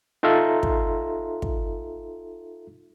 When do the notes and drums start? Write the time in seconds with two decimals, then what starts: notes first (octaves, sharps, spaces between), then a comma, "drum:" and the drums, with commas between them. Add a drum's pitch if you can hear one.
0.23 D#4 F4 A4 E5 A#5 C6
0.63 drum: kick
1.42 drum: kick